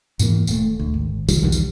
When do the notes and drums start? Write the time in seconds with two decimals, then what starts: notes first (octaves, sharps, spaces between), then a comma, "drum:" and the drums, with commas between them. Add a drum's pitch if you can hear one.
0.19 G#2 B2 E3 A#3, drum: tambourine
0.47 D#1 A3, drum: tambourine
0.80 D2
0.94 G#1
1.28 C2 D#3 F3 G3, drum: tambourine
1.43 B1 E2 D#3 G3
1.52 drum: tambourine